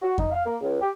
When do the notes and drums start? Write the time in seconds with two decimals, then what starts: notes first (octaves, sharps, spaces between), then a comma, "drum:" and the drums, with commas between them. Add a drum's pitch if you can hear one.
0.02 F#4
0.18 D#4, drum: kick F2
0.32 F5
0.46 A#3
0.60 C#2
0.81 G4